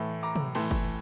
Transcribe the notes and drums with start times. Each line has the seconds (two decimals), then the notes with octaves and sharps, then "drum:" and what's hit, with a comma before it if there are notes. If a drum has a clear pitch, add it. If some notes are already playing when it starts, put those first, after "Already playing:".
Already playing: A2 E3 A3
0.23 A#5 D6
0.36 drum: tom
0.55 A2 E3 A3 A5 C6, drum: cymbal
0.71 drum: kick F#1